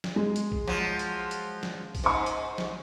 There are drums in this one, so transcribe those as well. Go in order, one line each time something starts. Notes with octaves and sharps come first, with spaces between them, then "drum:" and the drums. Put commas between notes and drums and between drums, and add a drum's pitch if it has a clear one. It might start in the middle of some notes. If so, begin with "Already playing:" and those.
drum: snare
G#3
drum: hi-hat
drum: kick A#1
F3 F#3, drum: snare
drum: hi-hat
drum: hi-hat
drum: snare
drum: kick A#1, open hi-hat
G#2 C5 C#6
drum: hi-hat
drum: snare